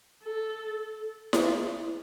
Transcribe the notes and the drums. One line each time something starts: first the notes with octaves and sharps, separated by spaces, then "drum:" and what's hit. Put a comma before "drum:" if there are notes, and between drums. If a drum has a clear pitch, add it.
A4
drum: snare E4